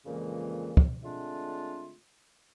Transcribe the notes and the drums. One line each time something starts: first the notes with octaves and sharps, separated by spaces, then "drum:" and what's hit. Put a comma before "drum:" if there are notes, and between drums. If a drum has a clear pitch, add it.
F2 A#2 C#3 E3 G#3 A#3
drum: kick
D3 G#3 A3 C4 D4 F4